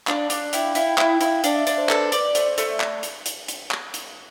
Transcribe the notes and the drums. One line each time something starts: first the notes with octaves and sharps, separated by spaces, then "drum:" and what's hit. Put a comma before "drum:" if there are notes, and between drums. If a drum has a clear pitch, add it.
D4 F5, drum: clap
D4, drum: hi-hat
E4 G5, drum: hi-hat
F5
E4 F5, drum: hi-hat
G5
E4, drum: clap
G5
E4 F5, drum: hi-hat
F5
D4 F5, drum: hi-hat
E5
D4 D5, drum: hi-hat
C5
A4 B4, drum: clap
D5, drum: hi-hat
A3 C5, drum: hi-hat
D5
A3 D5, drum: hi-hat
D5
drum: clap
drum: hi-hat
drum: hi-hat
drum: hi-hat
drum: clap
drum: hi-hat